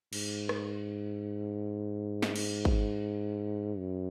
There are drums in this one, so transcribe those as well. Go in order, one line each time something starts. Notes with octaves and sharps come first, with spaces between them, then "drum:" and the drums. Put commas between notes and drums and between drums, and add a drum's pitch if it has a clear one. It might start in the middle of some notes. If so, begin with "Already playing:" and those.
G#2, drum: cymbal
drum: rim click
drum: snare
drum: cymbal
drum: kick
F#2